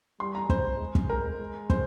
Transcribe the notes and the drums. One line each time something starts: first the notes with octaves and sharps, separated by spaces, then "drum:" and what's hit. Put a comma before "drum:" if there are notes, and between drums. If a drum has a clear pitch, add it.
G3 C6
A#5
G#3 C5, drum: kick
G#3
drum: kick
A#4
G#3
C5, drum: kick